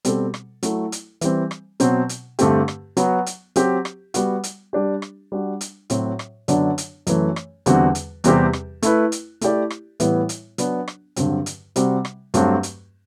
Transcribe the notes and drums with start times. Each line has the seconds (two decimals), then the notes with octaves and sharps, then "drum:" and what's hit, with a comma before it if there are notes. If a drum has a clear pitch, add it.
0.05 B2 G3 C4 F#4 A4, drum: hi-hat
0.34 drum: rim click
0.63 F#3 A3 E4 A4, drum: hi-hat
0.92 drum: hi-hat
1.21 E3 G3 C4, drum: hi-hat
1.51 drum: rim click
1.80 B2 F#3 C4, drum: hi-hat
2.09 drum: hi-hat
2.39 G2 D3 A3 C4 G4, drum: hi-hat
2.68 drum: rim click
2.97 F#3 B3 F#4, drum: hi-hat
3.26 drum: hi-hat
3.56 F#3 C4 G4, drum: hi-hat
3.85 drum: rim click
4.14 G3 B3 F#4, drum: hi-hat
4.44 drum: hi-hat
4.73 G3 D4 G4
5.02 drum: rim click
5.32 G3 D4 F#4
5.61 drum: hi-hat
5.90 A2 F#3 C4 F#4, drum: hi-hat
6.19 drum: rim click
6.48 F#2 D3 F#3 B3 D4, drum: hi-hat
6.78 drum: hi-hat
7.07 F#2 E3 A3, drum: hi-hat
7.36 drum: rim click
7.66 E2 D3 G3 C4 F#4, drum: hi-hat
7.95 drum: hi-hat
8.24 E2 C3 G3 C4 G4, drum: hi-hat
8.53 drum: rim click
8.82 A3 E4 B4, drum: hi-hat
9.12 drum: hi-hat
9.41 A3 E4 G4 D5, drum: hi-hat
9.70 drum: rim click
10.00 A2 E3 G3 B3 E4, drum: hi-hat
10.29 drum: hi-hat
10.58 F#3 B3 D4, drum: hi-hat
10.88 drum: rim click
11.16 G2 D3 F#3 C4, drum: hi-hat
11.46 drum: hi-hat
11.76 C3 G3 C4 F#4, drum: hi-hat
12.05 drum: rim click
12.34 G2 F#3 A3 C4, drum: hi-hat
12.63 drum: hi-hat